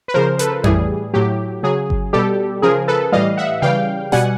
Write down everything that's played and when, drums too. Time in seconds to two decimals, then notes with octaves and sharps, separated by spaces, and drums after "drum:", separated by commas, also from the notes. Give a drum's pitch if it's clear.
0.08 B4
0.14 C#3 F3 A#4 C5
0.39 A4 B4, drum: hi-hat
0.64 A2 E3 G3 G#4, drum: tom F2
1.14 A2 F#3 G4
1.63 C#3 F#3 G#4
1.90 drum: kick G1
2.13 B2 G3 G4 A4
2.62 C#3 F3 G#4 A#4
2.88 A4 B4
3.12 A2 E3 G3 D#5 F5
3.37 E5 F#5
3.62 C#3 E3 G3 F5 G5
4.12 B2 G3 F#5 G#5, drum: snare